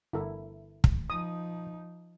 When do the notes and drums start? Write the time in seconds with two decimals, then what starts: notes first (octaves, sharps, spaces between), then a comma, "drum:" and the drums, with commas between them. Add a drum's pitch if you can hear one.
0.13 G1 E4 A4 A#4 E5
0.84 drum: kick
1.10 F3 D#4 D#6